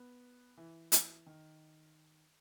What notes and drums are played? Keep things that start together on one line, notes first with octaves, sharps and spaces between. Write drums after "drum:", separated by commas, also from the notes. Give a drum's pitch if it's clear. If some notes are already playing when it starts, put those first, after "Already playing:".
Already playing: B3
E3
E3, drum: hi-hat
D#3